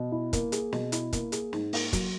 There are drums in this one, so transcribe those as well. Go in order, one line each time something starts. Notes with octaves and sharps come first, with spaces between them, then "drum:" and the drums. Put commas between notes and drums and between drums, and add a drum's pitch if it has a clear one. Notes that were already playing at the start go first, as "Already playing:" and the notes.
Already playing: B2
E4
A#3, drum: kick, hi-hat
G#4, drum: hi-hat
B2, drum: snare
E4, drum: hi-hat
A#3, drum: kick, hi-hat
G#4, drum: hi-hat
G#2, drum: snare
A#3, drum: open hi-hat
F#3, drum: kick, hi-hat